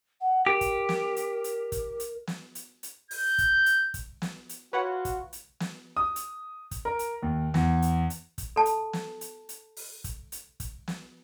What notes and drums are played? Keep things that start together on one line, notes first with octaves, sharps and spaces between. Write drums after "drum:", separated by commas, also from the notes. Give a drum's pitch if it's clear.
F#5
G4 A#4
drum: kick, hi-hat
drum: snare
drum: hi-hat
drum: hi-hat
drum: kick, hi-hat
drum: hi-hat
drum: snare
drum: hi-hat
drum: hi-hat
G6, drum: open hi-hat
drum: kick, hi-hat
drum: hi-hat
drum: kick, hi-hat
drum: snare
drum: hi-hat
F4 F#4 B4 C#5 F#5
drum: kick, hi-hat
drum: hi-hat
drum: snare
D#6
drum: hi-hat
drum: kick, hi-hat
A#4
drum: hi-hat
D#2
E2, drum: snare
drum: hi-hat
drum: hi-hat
drum: kick, hi-hat
A4 A5
drum: hi-hat
drum: snare
drum: hi-hat
drum: hi-hat
drum: open hi-hat
drum: kick, hi-hat
drum: hi-hat
drum: kick, hi-hat
drum: snare